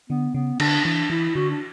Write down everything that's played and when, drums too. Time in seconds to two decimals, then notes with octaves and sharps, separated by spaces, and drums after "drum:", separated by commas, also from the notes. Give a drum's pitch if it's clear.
0.10 D3 B3
0.34 C#3 B3
0.60 D3 D4, drum: cymbal
0.85 E3 D4
1.10 E3 E4
1.35 D3 F#4
1.50 D4